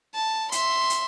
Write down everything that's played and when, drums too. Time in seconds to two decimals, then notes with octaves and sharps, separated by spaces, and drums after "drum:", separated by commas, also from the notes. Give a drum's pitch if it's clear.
0.14 A5
0.52 E5 C6, drum: hi-hat
0.90 drum: hi-hat